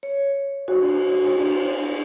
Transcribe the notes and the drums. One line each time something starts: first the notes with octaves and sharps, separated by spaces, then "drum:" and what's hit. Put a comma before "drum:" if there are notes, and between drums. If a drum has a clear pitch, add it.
C#5
F#4, drum: cymbal
drum: cymbal